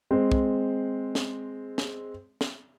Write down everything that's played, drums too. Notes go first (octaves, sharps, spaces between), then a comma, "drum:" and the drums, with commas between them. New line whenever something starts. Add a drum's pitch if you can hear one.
G#3 C4
drum: kick
drum: snare
drum: snare
drum: snare